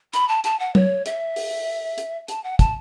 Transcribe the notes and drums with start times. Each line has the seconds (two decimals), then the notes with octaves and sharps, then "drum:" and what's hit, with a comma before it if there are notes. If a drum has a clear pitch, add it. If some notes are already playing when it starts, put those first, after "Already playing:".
0.13 B5, drum: hi-hat
0.28 A5
0.44 A5, drum: hi-hat
0.60 F#5
0.75 C#5, drum: tom F#3
1.06 E5, drum: hi-hat
1.36 drum: open hi-hat
1.98 drum: hi-hat
2.28 A5, drum: hi-hat
2.44 F#5
2.59 A5, drum: kick, hi-hat